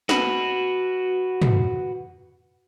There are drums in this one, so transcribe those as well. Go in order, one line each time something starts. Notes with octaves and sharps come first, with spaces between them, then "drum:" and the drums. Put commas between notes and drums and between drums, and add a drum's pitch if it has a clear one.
F#4 B4, drum: snare
drum: tom